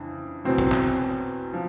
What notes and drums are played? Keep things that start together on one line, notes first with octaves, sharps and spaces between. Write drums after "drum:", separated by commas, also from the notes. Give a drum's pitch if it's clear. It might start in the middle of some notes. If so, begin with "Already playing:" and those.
Already playing: F2 C#3 E3 D4
E2 B2 F#3 C4
drum: kick
drum: clap
F3